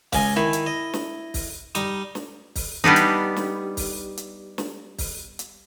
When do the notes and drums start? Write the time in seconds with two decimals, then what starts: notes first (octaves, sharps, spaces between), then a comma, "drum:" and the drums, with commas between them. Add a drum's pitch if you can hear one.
0.13 C#2 D#5 F5 G#5, drum: kick, open hi-hat
0.36 D#3 E4
0.53 drum: hi-hat
0.66 D#5
0.94 drum: snare
1.34 drum: kick, open hi-hat
1.75 G3 D#4 D#6, drum: hi-hat
2.15 drum: snare
2.55 drum: kick, open hi-hat
2.84 G3 B3 D4 D#4
2.96 drum: hi-hat
3.36 drum: snare
3.77 drum: kick, open hi-hat
4.17 drum: hi-hat
4.58 drum: snare
4.98 drum: kick, open hi-hat
5.39 drum: hi-hat